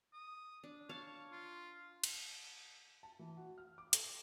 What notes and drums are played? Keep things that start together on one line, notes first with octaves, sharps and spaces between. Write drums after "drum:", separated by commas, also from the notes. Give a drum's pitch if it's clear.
D#6
D4
C#5 F5 A5
F4
drum: cymbal
A5
E3
F#4
F6
D6
A4, drum: hi-hat